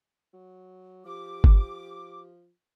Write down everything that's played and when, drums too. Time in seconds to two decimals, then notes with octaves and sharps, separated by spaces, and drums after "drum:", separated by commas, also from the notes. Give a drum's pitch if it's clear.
0.34 F#3
1.05 F3 G4 D6
1.44 drum: kick G1